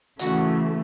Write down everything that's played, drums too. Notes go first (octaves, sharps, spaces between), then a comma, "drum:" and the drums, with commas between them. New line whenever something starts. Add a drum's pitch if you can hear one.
C#3 E3 A3 F#4, drum: hi-hat